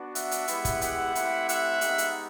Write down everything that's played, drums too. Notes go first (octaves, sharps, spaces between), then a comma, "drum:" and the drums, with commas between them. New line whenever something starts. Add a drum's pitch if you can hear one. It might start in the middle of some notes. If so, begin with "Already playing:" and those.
Already playing: B3 D4 F#4
E5 F#5, drum: hi-hat
drum: hi-hat
G#3 B3 E4 G4, drum: hi-hat
drum: kick, hi-hat
E5 F#5, drum: hi-hat
A3 C4 E4 G4, drum: hi-hat
E5 F#5, drum: hi-hat
G#3 B3 D#4 G4, drum: hi-hat
drum: hi-hat